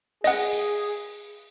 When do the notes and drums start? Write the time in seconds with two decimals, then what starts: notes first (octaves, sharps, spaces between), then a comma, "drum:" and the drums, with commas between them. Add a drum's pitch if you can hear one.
0.24 G#4 D#5 F#5, drum: open hi-hat
0.53 drum: tambourine